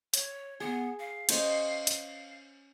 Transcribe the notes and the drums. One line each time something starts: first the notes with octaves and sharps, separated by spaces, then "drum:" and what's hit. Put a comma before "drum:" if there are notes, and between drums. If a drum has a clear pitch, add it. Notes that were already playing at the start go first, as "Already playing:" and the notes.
C#5, drum: hi-hat
B3 G#4
F5
C#4 C5 D#5, drum: cymbal
drum: hi-hat